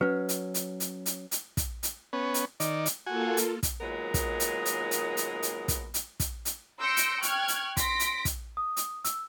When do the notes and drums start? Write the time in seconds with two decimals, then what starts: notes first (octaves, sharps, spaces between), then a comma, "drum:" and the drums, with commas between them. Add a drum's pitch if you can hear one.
0.01 F#3 C#4 B4
0.29 drum: hi-hat
0.54 drum: hi-hat
0.80 drum: hi-hat
1.06 drum: hi-hat
1.31 drum: hi-hat
1.57 drum: kick, hi-hat
1.83 drum: hi-hat
2.13 B3 C#4
2.34 drum: hi-hat
2.60 D#3 D5, drum: hi-hat
2.86 drum: hi-hat
3.06 A#3 F4 F#4 A4 G#5
3.37 drum: hi-hat
3.63 drum: kick, hi-hat
3.80 D#2 A#2 F#3 G#3 B3 A#4
4.14 drum: kick, hi-hat
4.40 drum: hi-hat
4.65 drum: hi-hat
4.91 drum: hi-hat
5.17 drum: hi-hat
5.43 drum: hi-hat
5.68 drum: kick, hi-hat
5.94 drum: hi-hat
6.20 drum: kick, hi-hat
6.45 drum: hi-hat
6.80 C6 E6 G6 A#6 C#7 D7
6.97 drum: hi-hat
7.23 G5 C#6 F6 F#6 G#6, drum: hi-hat
7.48 drum: hi-hat
7.77 C6 A#6 B6 D7, drum: kick, hi-hat
8.00 drum: hi-hat
8.25 drum: kick, hi-hat
8.57 D#6
8.77 drum: hi-hat
9.05 E6, drum: hi-hat